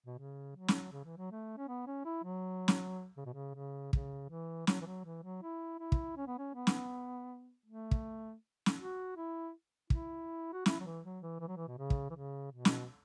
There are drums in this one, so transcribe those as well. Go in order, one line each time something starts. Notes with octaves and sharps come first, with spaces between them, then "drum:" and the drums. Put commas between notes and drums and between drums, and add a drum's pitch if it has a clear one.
B2
C#3
F#3
drum: snare
C#3
E3
F#3
A3
C#4
B3
C#4
E4
F#3
drum: snare
C#3
B2
C#3
C#3
C#3, drum: kick
E3
F#3, drum: snare
E3
F#3
E3
F#3
E4
E4
drum: kick
C#4
B3
C#4
B3
drum: snare
A3
drum: kick
drum: snare
F#4
E4
E4, drum: kick
F#4
E4, drum: snare
F#3
E3
F#3
E3
E3
F#3
E3
B2
C#3
drum: kick
E3
C#3
B2
drum: snare